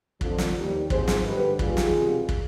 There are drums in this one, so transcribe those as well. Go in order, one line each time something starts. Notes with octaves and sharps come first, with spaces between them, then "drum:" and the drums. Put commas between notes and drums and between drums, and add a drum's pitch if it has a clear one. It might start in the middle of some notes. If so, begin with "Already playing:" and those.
F2 D3 F3, drum: kick
drum: snare
D#2 D#3 G3
G#1 G#2 F3 G#3 G#4 C5, drum: kick
drum: snare
G2 D3 G3 G4 B4
D#2 D#3 G3 F4 G#4, drum: kick
drum: snare
C2 B2 G3
drum: kick